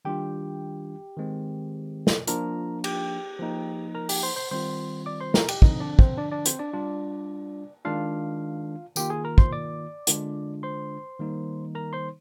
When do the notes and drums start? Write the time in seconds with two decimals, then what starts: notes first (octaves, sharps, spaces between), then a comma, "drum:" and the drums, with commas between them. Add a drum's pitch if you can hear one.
0.05 D#3 G3 D4 F4 G4 G5
1.16 D#3 G#3 C4
2.07 drum: snare
2.27 F3 A#3 D4 F4 A#4 A#5, drum: hi-hat
2.84 G4 G5, drum: cymbal
3.39 F3 A#3 D#4
3.95 A#4 A#5
4.09 G4 G5, drum: open hi-hat
4.23 C5 C6
4.36 C5 C6
4.51 D#3 G3 C4 F4 C5 C6
5.06 D5 D6
5.21 C5 C6
5.34 A#4 A#5, drum: snare
5.49 G4 G5, drum: cymbal
5.62 D3 F3 C4 D#4 D#5, drum: kick
5.80 D4 D5
5.99 C4 C5, drum: kick
6.18 D4 D5
6.31 D4 D5
6.46 C4 C5, drum: hi-hat
6.59 D4 D5
6.73 G3 D4 F4
7.85 D#3 G#3 D4 F4 F5
8.96 D#3 A#3 F4 G4 G5, drum: tambourine
9.10 G#4 G#5
9.25 A#4 A#5
9.38 C5 C6, drum: kick
9.53 D5 D6
10.07 D3 G#3 D4 F4, drum: hi-hat
10.63 C5 C6
11.19 D#3 G3 A#3 D#4
11.75 A#4 A#5
11.93 C5 C6